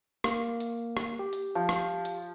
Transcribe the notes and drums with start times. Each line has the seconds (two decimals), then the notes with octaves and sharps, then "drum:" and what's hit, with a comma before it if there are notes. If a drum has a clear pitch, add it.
0.24 A#3, drum: rim click
0.60 drum: hi-hat
0.97 drum: rim click
1.19 G4
1.33 drum: hi-hat
1.55 F3
1.69 drum: rim click
2.05 drum: hi-hat